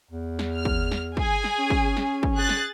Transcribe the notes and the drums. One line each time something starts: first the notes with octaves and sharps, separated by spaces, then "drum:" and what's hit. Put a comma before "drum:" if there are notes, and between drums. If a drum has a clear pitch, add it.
E2
drum: snare
F6
drum: kick
drum: snare
G#4 G#5, drum: kick
drum: snare
C#4
drum: kick
drum: snare
drum: kick
G#4 F#6 A6
drum: snare